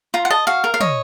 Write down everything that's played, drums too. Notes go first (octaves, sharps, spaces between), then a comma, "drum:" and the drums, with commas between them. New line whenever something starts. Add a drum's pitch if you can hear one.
F4 A#5
F#5
D#5 A5
F#4 F5
A#4
F5
C#5 D#5, drum: tom